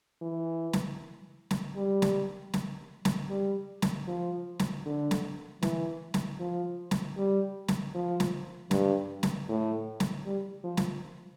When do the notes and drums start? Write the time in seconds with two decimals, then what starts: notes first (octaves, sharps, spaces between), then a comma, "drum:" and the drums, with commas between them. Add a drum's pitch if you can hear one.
0.22 E3
0.73 drum: snare
1.51 drum: snare
1.77 G3
2.02 drum: snare
2.54 drum: snare
3.05 drum: snare
3.30 G3
3.82 drum: snare
4.08 F3
4.59 drum: snare
4.86 D3
5.11 drum: snare
5.62 E3, drum: snare
6.14 drum: snare
6.40 F3
6.91 drum: snare
7.17 G3
7.68 drum: snare
7.95 F3
8.20 drum: snare
8.71 G2, drum: snare
9.23 drum: snare
9.49 A2
10.00 drum: snare
10.26 G3
10.64 F3
10.77 drum: snare